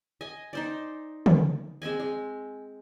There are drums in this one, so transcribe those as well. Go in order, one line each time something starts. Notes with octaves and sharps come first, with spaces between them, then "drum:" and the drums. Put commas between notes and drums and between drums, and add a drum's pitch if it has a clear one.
D#5 G#5
D#4 C5 D5
drum: tom
G#3 C4 D#5 G#5
G#3